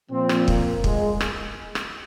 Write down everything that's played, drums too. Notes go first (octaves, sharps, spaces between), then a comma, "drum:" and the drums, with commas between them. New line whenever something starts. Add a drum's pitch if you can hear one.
A#2 F3 C4
drum: rim click
A#3, drum: kick
G#3, drum: kick
drum: rim click
drum: rim click